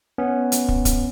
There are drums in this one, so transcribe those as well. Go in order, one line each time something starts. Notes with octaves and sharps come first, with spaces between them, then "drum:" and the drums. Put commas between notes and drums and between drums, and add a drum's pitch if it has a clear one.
B3 C#4
drum: hi-hat
drum: kick
drum: kick, hi-hat